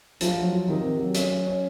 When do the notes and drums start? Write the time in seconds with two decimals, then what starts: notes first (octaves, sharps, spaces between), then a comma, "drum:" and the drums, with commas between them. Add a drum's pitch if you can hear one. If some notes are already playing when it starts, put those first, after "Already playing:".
0.21 F3 F4, drum: hi-hat
0.37 F#3
0.52 F4
0.68 C3 D#3
0.84 C4
0.99 F#3
1.15 C#4, drum: hi-hat
1.30 F#3
1.47 C#4